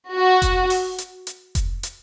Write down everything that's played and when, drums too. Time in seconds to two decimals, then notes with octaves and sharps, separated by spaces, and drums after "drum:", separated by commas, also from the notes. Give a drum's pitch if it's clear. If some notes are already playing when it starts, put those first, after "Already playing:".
0.14 F#4
0.42 drum: kick F1, hi-hat
0.70 drum: open hi-hat
0.98 drum: hi-hat
1.27 drum: hi-hat
1.55 drum: kick F1, hi-hat
1.83 drum: hi-hat